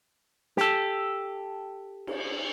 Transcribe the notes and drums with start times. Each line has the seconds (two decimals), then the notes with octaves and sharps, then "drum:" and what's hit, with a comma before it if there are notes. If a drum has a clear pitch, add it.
0.57 G4 A4, drum: snare
2.07 drum: cymbal